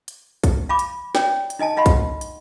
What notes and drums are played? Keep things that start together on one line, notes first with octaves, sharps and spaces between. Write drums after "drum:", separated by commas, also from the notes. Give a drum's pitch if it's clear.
drum: hi-hat
drum: kick A#1, hi-hat
F5 B5 D6
drum: hi-hat
C#5 D5 G5, drum: snare
drum: hi-hat
D#4 D#5 G#5 A5
D#5 F5 F#5 B5 C6
drum: kick A#1, hi-hat
drum: hi-hat